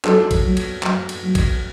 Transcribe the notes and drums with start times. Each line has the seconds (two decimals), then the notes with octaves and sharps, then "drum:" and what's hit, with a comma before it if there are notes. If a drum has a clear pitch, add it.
0.05 F#3 A4, drum: clap
0.31 drum: kick, cymbal
0.44 F#3
0.57 drum: cymbal
0.83 F#3, drum: clap
1.09 drum: cymbal
1.23 F#3
1.35 drum: kick, cymbal